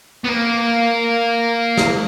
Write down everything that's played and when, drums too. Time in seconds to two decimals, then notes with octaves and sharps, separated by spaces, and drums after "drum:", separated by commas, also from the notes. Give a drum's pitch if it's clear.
0.24 B3
0.29 A#3
1.78 drum: snare